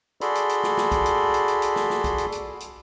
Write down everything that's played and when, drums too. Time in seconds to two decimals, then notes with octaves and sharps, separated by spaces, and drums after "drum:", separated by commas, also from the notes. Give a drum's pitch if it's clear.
0.21 F#4 G#4 A4 D5 B5 C6, drum: hi-hat
0.35 drum: hi-hat
0.49 drum: hi-hat
0.63 drum: snare
0.78 drum: snare
0.92 drum: kick, hi-hat
1.06 drum: hi-hat
1.34 drum: hi-hat
1.48 drum: hi-hat
1.62 drum: hi-hat
1.76 drum: snare
1.90 drum: snare
2.04 drum: kick, hi-hat
2.18 drum: hi-hat
2.32 drum: hi-hat
2.60 drum: hi-hat